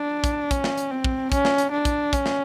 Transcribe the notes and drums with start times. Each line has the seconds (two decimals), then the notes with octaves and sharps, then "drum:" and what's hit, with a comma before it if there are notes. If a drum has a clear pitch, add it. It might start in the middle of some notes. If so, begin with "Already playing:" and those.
Already playing: D4
0.24 drum: kick, hi-hat
0.51 C#4, drum: kick, hi-hat
0.64 drum: snare
0.78 drum: hi-hat
0.91 C4
1.04 drum: kick
1.32 C#4, drum: kick, hi-hat
1.45 drum: snare
1.58 drum: hi-hat
1.72 D4
1.85 drum: kick, hi-hat
2.13 C#4, drum: kick, hi-hat
2.26 drum: snare